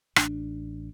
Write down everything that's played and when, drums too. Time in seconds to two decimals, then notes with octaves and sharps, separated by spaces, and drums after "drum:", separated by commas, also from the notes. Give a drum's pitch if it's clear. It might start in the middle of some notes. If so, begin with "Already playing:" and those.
0.16 A1 D4, drum: rim click